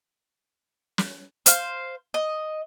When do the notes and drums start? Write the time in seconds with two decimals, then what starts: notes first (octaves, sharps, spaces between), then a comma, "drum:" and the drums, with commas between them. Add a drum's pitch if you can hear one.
0.98 drum: snare
1.46 C5 F5, drum: hi-hat
2.14 D#5